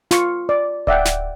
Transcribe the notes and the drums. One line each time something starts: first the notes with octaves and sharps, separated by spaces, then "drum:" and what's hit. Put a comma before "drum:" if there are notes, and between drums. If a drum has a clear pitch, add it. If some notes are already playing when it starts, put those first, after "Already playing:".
F4 C#6, drum: snare
D5
D5 E5 F#5 G5, drum: kick D1
drum: snare